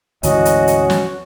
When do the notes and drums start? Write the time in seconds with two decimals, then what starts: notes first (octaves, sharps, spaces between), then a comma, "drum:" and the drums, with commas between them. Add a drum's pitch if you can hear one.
0.23 D2 G#2 E3 C#4 F#4 D#5, drum: hi-hat
0.45 drum: hi-hat
0.67 drum: hi-hat
0.90 drum: snare